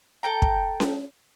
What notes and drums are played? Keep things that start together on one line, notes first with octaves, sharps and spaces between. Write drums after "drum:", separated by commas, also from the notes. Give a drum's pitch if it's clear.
A4 G5 A#5
drum: kick
drum: snare C#4